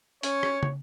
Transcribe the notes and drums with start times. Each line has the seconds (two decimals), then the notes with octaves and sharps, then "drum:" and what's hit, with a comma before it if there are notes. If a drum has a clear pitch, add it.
0.23 C#4 C#5, drum: hi-hat
0.43 drum: rim click
0.63 drum: tom